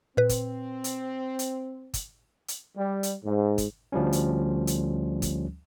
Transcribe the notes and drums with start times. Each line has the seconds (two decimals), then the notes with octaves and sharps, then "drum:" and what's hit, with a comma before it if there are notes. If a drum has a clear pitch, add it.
0.17 A#2 C4 B4
0.29 drum: kick, hi-hat
0.84 drum: hi-hat
1.39 drum: hi-hat
1.94 drum: kick, hi-hat
2.48 drum: hi-hat
2.76 G3
3.03 drum: hi-hat
3.23 G#2
3.58 drum: kick, hi-hat
3.92 D2 F3 G3 C#4
4.13 drum: hi-hat
4.67 drum: hi-hat
5.22 drum: kick, hi-hat